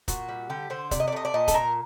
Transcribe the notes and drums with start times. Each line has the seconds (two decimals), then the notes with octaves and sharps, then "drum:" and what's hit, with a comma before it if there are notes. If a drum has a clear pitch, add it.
0.08 A#2 F#4, drum: kick, hi-hat
0.28 G3
0.50 D3 G4
0.70 D3 C5
0.91 C3 D5, drum: kick, hi-hat
1.00 D#5
1.08 D5
1.12 A3 D#5
1.25 D5
1.34 A#2 D#5
1.48 A4, drum: kick, hi-hat
1.54 A#2 A#4